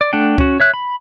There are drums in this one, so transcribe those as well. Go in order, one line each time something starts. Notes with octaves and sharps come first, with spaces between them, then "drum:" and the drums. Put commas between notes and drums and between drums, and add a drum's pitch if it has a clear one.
D5
A3 D4 F#5 G5
C#4 F#4, drum: kick
C#5 E5 F#6
B5